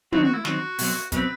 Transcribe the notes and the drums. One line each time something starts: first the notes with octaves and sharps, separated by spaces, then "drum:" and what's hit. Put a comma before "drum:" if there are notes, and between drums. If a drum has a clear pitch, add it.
D#3 F#3 C4 F#4, drum: tom
F#4
E4
D#3 F#3 C4 F#4, drum: snare
B2 F#3 C4, drum: open hi-hat
B2 F#3 C4 B4, drum: kick, hi-hat